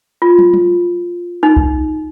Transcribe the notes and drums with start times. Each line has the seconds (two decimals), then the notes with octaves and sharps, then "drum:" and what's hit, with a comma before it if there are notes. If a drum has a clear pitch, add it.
0.22 F4
0.39 drum: tom
0.54 drum: tom
1.43 D#4
1.57 drum: kick B1